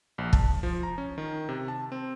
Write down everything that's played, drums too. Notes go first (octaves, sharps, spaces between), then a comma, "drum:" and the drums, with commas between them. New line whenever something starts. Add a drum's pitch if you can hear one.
A#1
A5, drum: kick
F3
A#5
C#4
D#3
C3
A5
C4